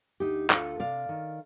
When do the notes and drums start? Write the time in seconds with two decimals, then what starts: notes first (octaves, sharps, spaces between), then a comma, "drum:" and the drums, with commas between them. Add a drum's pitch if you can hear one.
0.20 D2 D#4 G4
0.50 D2 F4 A4, drum: clap
0.80 C3 D5 F5
1.09 D#3